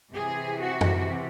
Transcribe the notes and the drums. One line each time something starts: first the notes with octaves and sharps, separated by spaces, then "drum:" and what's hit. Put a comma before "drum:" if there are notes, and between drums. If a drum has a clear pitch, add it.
C3 E3 G#4
F#4
drum: tom F#2